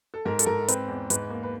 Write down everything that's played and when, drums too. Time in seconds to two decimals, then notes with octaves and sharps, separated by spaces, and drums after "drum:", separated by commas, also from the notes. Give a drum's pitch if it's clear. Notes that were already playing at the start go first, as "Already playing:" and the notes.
0.14 A4
0.25 G#2 A#4
0.39 A4, drum: hi-hat
0.46 G#2 A#4
0.68 C4 B4, drum: hi-hat
0.88 E2
1.10 G#2 B4, drum: hi-hat
1.30 A#3
1.43 B4